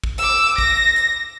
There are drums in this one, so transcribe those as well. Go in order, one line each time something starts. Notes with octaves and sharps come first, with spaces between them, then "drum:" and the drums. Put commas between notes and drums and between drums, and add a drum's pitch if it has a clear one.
drum: kick
D6 E6, drum: hi-hat
A#6, drum: kick
drum: hi-hat